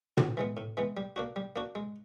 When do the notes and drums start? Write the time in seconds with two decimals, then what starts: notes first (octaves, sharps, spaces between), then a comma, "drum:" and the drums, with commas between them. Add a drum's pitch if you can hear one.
0.17 A2, drum: tom
0.37 E3 G#3 B3
0.57 A2
0.77 E3 G#3 B3
0.97 G3
1.16 A#3 D4 F#4
1.36 G3
1.56 A#3 D4 F#4
1.75 G#3